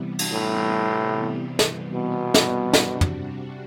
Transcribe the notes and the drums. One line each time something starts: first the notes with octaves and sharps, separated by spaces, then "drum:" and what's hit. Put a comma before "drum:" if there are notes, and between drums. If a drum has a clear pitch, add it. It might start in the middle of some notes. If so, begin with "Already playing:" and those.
Already playing: C3 E3 G3 B3
drum: cymbal
A2
drum: snare
B2
drum: snare
C3 G3 D4 F#4, drum: snare
drum: tom